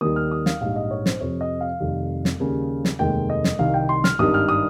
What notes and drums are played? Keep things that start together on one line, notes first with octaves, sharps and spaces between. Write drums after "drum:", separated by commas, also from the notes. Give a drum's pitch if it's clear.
D#2 D#3 G3 D#6
F6
D#6
F5, drum: snare
A#1 G#2 G3 F5
D#5
C#5
C5, drum: snare
F2 C3 F3 C#5
D#5
F5
F1 F2 D#3 G3
drum: snare
D#2 C#3 G3
drum: snare
F1 D#2 D#3 G#3 G5
D#5
drum: snare
C2 C3 D#3 F5
G5
C6
F6, drum: snare
G#1 G2 D#3 G3 D#6
F6
D#6